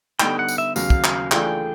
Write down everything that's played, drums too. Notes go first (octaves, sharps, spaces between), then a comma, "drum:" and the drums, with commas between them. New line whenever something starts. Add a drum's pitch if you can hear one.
D3 G3 B3 D#4 G5, drum: clap
F#5
drum: tambourine
E5
D#2 C#3 F#3 A#3 F5, drum: tambourine
drum: kick
drum: clap
E3 A3 D4 F4 G#4 G5, drum: clap